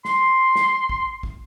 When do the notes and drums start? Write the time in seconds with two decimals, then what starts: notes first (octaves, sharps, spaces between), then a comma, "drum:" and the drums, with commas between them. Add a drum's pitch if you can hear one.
0.05 C6, drum: snare
0.55 drum: snare
0.89 drum: kick
1.23 drum: kick